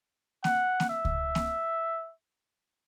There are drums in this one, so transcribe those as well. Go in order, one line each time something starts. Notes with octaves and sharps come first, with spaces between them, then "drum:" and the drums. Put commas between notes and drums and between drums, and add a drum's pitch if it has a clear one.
F#5, drum: snare A#3
drum: snare A#3
E5
drum: kick C#2
drum: snare A#3